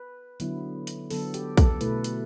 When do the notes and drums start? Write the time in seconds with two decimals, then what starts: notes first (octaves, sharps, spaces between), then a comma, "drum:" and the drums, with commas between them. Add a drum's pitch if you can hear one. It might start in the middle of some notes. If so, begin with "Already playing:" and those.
Already playing: B4
0.40 D3 F#3 B3 E4, drum: hi-hat
0.87 drum: hi-hat
1.10 D3 F#3 B3 A4, drum: open hi-hat
1.34 G4, drum: hi-hat
1.57 A4, drum: kick A#1, hi-hat
1.81 B2 A3 E4 B4, drum: hi-hat
2.04 drum: hi-hat